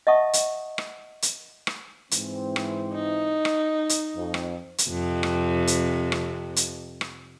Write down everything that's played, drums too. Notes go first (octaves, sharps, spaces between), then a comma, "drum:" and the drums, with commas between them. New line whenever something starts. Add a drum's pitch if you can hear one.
D#5 E5 F#5 A5 C#6 D#6
drum: hi-hat
drum: rim click
drum: hi-hat
drum: rim click
G#2 E3 C4, drum: hi-hat
drum: rim click
D#4
drum: rim click
drum: hi-hat
F2
drum: rim click
drum: hi-hat
F2 C3
drum: rim click
drum: hi-hat
drum: rim click
drum: hi-hat
drum: rim click